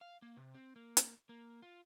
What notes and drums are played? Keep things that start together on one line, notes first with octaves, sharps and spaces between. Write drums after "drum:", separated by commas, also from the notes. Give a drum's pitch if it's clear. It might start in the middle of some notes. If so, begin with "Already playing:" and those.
F5
A#3
C3
C4
A#3
drum: hi-hat
A#3
F4